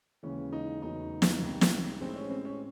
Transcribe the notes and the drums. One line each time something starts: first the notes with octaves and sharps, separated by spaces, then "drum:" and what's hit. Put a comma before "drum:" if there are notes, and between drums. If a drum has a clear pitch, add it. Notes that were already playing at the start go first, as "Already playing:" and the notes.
D#2 C#3 E3 G#3 C#4
D#4
E2 C#3 F#3 A3 D#4
drum: snare
C2 C3 D#3
drum: snare
A1 A2 G#3 C4
C#4
C4
C#4